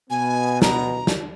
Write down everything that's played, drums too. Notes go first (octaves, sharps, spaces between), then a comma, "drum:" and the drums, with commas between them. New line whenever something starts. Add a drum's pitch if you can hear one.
B2 B3 G#5
A#5, drum: snare
drum: snare